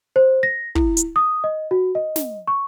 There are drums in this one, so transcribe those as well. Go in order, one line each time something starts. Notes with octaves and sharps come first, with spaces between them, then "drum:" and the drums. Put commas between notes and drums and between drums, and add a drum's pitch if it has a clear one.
C5
A#6
E4, drum: kick
drum: hi-hat
D#6
D#5
F#4
D#5
drum: snare
C#6